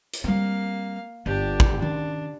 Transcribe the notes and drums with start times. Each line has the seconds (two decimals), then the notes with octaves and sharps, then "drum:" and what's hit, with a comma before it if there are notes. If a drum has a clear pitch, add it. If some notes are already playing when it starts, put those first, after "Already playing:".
0.13 drum: hi-hat
0.24 G3 A#3 C4 F5
1.26 G1 D4 G4
1.60 drum: kick
1.79 D#3 C#4 D4